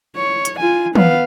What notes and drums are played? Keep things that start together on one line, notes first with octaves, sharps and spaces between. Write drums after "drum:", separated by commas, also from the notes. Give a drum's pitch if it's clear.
C#5
drum: hi-hat
F4 G#5
B3 F5, drum: tom